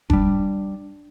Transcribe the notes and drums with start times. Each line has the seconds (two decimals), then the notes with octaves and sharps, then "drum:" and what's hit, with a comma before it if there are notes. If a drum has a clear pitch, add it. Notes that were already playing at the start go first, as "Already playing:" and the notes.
0.10 G3 D4, drum: kick F1